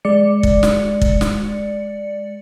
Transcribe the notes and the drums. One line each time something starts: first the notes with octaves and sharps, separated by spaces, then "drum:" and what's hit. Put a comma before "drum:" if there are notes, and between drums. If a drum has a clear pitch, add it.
G#3 D5 C#7
drum: kick
drum: snare
drum: kick
drum: snare